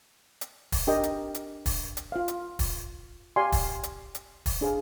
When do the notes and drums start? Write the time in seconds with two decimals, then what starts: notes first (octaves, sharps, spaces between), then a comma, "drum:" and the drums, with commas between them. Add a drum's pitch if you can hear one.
0.41 drum: hi-hat
0.72 drum: kick, open hi-hat
0.87 D4 G4 A#4 D#5 G5
1.03 drum: hi-hat
1.35 drum: hi-hat
1.66 drum: kick, open hi-hat
1.97 drum: hi-hat
2.12 F4 C5 F5
2.28 drum: hi-hat
2.59 drum: kick, open hi-hat
3.36 G4 D5 F5 G#5 C6
3.52 drum: kick, open hi-hat
3.83 drum: hi-hat
4.15 drum: hi-hat
4.46 drum: kick, open hi-hat
4.61 D4 G#4 C5 F5